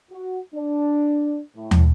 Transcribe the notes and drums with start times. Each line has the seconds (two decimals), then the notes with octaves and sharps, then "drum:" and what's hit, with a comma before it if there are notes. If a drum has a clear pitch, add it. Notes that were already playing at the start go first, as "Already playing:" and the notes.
0.11 F#4
0.55 D4
1.56 A2
1.71 drum: tom